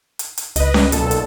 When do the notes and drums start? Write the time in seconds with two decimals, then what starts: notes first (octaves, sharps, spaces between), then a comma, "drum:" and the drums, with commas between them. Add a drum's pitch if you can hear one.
0.19 drum: hi-hat
0.38 drum: hi-hat
0.56 C#2 B4 D#5, drum: hi-hat
0.74 drum: snare C#4
0.92 B1 A#2 A4, drum: hi-hat
1.11 drum: hi-hat